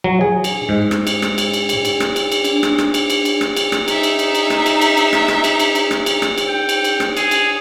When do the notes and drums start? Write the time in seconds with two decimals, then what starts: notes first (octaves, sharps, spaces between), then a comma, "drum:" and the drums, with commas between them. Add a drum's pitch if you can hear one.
0.04 F#3
0.21 G#4
0.44 drum: cymbal
0.69 G#2
0.91 drum: rim click
1.07 drum: cymbal
1.22 drum: rim click
1.38 drum: cymbal
1.53 drum: cymbal
1.69 drum: cymbal
1.85 drum: cymbal
2.00 drum: rim click
2.16 drum: cymbal
2.32 drum: cymbal
2.44 D4, drum: cymbal
2.63 drum: rim click
2.78 drum: rim click
2.94 drum: cymbal
3.10 drum: cymbal
3.25 drum: cymbal
3.41 drum: rim click
3.57 drum: cymbal
3.72 drum: rim click
3.88 D#4 E5, drum: cymbal
4.03 drum: cymbal
4.19 drum: cymbal
4.35 drum: cymbal
4.50 drum: rim click
4.66 drum: cymbal
4.81 drum: cymbal
4.97 drum: cymbal
5.13 drum: rim click
5.28 drum: rim click
5.44 drum: cymbal
5.60 drum: cymbal
5.75 drum: cymbal
5.91 drum: rim click
6.06 drum: cymbal
6.22 drum: rim click
6.38 drum: cymbal
6.48 G5
6.69 drum: cymbal
6.84 drum: cymbal
7.00 drum: rim click
7.17 G#4, drum: cymbal
7.31 drum: cymbal